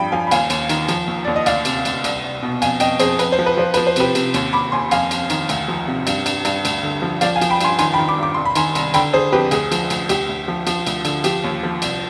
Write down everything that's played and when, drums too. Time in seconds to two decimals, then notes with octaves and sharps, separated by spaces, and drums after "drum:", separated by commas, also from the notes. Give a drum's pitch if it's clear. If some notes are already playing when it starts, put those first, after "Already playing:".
Already playing: G2 F3 G5 B5
0.12 F3 F5 G#5
0.27 B5
0.31 D#2 F5 G#5, drum: cymbal
0.50 D#2, drum: cymbal
0.69 D#3, drum: cymbal
0.88 F3, drum: cymbal
1.08 D#2
1.25 D#2 D5
1.36 D#5
1.46 D2 D5 F5, drum: cymbal
1.65 C3, drum: cymbal
1.85 D2, drum: cymbal
2.04 C2, drum: cymbal
2.23 C2
2.42 B2
2.62 F2 F5 G#5, drum: cymbal
2.80 F2 D#5 G5, drum: cymbal
3.00 F2 G#4 C5, drum: cymbal
3.19 F2 B4, drum: cymbal
3.32 C5
3.39 F3
3.46 B4
3.57 F3 C5
3.74 F3 B4, drum: cymbal
3.87 C5
3.96 C3 G4 B4, drum: cymbal
4.15 C3, drum: cymbal
4.34 D#2, drum: cymbal
4.53 D#2 B5 D6
4.72 D#2 G#5 C6
4.91 F2 F5 G#5, drum: cymbal
5.11 F2, drum: cymbal
5.30 D#3, drum: cymbal
5.49 D2, drum: cymbal
5.68 F3
5.88 C3
6.07 G2, drum: cymbal
6.26 G2, drum: cymbal
6.45 G2, drum: cymbal
6.65 D2, drum: cymbal
6.83 D3
7.02 F3
7.21 F3 D5 F5, drum: cymbal
7.36 F5 G#5
7.42 F3, drum: cymbal
7.50 G5 B5
7.61 G2 G#5 C6, drum: cymbal
7.79 D#3 G#5 C6, drum: cymbal
7.93 G5 B5
7.98 D#3
8.08 B5 D6
8.18 G2 D6
8.34 C2 C6
8.45 B5
8.55 D#3 G#5 C6, drum: cymbal
8.75 C2, drum: cymbal
8.94 D3 G5 B5, drum: cymbal
9.13 D3 G#4 C5
9.32 F2 G4 B4
9.51 D2 G#4, drum: cymbal
9.72 F3, drum: cymbal
9.90 D2, drum: cymbal
10.09 D2 G4, drum: cymbal
10.29 D2
10.48 F3
10.67 F3, drum: cymbal
10.87 D2, drum: cymbal
11.05 D3, drum: cymbal
11.24 F3 G4, drum: cymbal
11.44 D#2
11.63 F3
11.82 C2, drum: cymbal